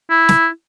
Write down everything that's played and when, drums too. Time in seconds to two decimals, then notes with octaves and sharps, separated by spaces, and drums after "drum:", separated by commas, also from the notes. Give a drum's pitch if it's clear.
0.10 E4
0.29 drum: snare